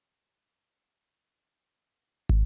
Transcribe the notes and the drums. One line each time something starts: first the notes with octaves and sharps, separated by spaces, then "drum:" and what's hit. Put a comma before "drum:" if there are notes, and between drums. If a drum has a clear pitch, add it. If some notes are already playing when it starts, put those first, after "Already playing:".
C4
E3
C#5
F#2
drum: kick